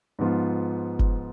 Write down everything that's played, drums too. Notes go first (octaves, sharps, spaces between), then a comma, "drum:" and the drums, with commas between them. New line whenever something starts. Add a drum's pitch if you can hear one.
G#2 F3 B3 F4
drum: kick